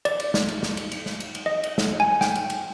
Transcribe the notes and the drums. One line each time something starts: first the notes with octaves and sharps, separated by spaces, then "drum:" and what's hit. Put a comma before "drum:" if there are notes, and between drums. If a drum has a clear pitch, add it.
D5, drum: cymbal
drum: cymbal
drum: snare
drum: cymbal
drum: snare
drum: cymbal
drum: cymbal
drum: snare
drum: cymbal
drum: cymbal
D#5
drum: cymbal
drum: snare
G#5
G5, drum: snare
drum: cymbal
drum: cymbal